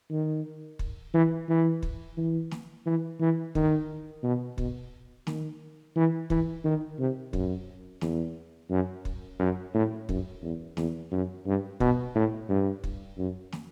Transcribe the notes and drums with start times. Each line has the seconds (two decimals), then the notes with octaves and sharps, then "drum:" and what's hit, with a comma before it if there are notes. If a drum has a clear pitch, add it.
0.11 D#3
0.79 drum: kick
1.14 E3
1.48 E3
1.83 drum: kick
2.17 E3
2.51 drum: snare
2.86 E3
3.20 E3
3.55 D#3, drum: kick
4.23 B2
4.58 B2, drum: kick
5.27 D#3, drum: snare
5.96 E3
6.30 E3, drum: kick
6.65 D#3
6.99 C3
7.33 F#2, drum: kick
8.01 E2, drum: snare
8.70 F#2
9.05 drum: kick
9.39 F#2
9.74 A2
10.09 F#2, drum: kick
10.42 E2
10.77 E2, drum: snare
11.12 F#2
11.46 G2
11.80 B2, drum: kick
12.15 A2
12.49 G2
12.84 drum: kick
13.18 F#2
13.52 drum: snare